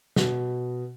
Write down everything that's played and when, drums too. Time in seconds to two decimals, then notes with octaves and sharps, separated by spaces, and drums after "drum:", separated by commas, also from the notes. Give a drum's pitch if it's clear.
0.16 B2, drum: snare